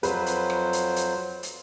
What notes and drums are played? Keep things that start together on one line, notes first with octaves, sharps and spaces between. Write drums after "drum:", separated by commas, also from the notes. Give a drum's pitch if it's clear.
F2 F#3 B4 C5, drum: hi-hat
drum: hi-hat
drum: rim click
drum: hi-hat
drum: hi-hat
drum: hi-hat